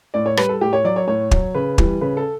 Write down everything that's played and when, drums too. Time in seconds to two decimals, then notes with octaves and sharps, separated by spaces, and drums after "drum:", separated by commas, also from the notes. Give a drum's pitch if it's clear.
0.14 A2 D5
0.26 C#5
0.37 G3 B4, drum: rim click
0.49 A4
0.61 A2 G4
0.73 C#5
0.84 F#3 D5
0.96 C#5
1.07 A2 C#5
1.31 F#3, drum: kick
1.54 C#3 B4
1.78 E3 G3, drum: kick
2.01 C#3 B4
2.17 A4